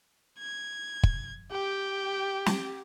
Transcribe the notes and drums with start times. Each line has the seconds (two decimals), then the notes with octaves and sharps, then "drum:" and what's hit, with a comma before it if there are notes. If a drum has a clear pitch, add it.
0.39 G#6
1.03 drum: kick
1.52 G4 G5
2.46 drum: snare